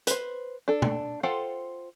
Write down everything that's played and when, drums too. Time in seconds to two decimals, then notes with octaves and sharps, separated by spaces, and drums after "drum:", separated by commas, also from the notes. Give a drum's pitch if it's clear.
0.07 B4 C5, drum: hi-hat
0.68 D4 A4
0.82 drum: tom
1.23 F4 A4 C5 F#5 G5